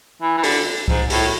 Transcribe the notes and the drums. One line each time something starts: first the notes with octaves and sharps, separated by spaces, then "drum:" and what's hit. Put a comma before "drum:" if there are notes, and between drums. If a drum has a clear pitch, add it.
E3
E3
D3, drum: open hi-hat
G#2, drum: kick C2
A2, drum: open hi-hat